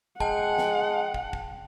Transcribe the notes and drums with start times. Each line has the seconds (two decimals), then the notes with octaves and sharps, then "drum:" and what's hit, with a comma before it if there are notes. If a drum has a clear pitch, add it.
0.20 G#3 F#5 G5 A5, drum: kick
0.58 drum: snare
1.14 drum: kick
1.33 drum: kick